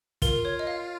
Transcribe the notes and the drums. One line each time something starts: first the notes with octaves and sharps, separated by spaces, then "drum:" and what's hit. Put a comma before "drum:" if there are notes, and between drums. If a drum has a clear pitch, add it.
F4 A#4, drum: kick, hi-hat
C#5
D#5
F5